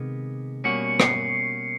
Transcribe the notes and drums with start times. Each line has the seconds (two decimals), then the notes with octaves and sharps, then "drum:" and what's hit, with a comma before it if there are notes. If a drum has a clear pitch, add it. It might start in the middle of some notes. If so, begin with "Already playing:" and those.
Already playing: C3 D#3 G#3 B3
0.64 B2 G3 A#3 C#4 F#4 C#7
1.00 C7, drum: rim click